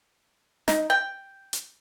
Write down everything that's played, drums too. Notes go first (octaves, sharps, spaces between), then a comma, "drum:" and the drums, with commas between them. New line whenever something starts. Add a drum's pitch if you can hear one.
D#4, drum: snare
G5
drum: hi-hat